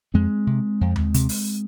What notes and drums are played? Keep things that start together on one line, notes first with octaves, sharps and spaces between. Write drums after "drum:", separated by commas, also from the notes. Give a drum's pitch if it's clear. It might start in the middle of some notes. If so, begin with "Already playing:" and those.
F2 G#3 C4
C3
F2
drum: tom D#2
C3, drum: hi-hat
drum: open hi-hat